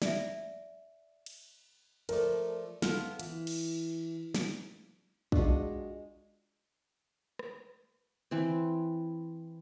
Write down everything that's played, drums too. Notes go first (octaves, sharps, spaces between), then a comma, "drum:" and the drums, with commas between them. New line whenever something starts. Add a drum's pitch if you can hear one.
D5 E5, drum: snare
drum: cymbal
F3 A3 A#4 D5, drum: cymbal
B3 F4 A4 F6, drum: snare
E3, drum: hi-hat
drum: cymbal
drum: snare
G#3 D4 F4 F#4, drum: kick
drum: rim click
E3 C4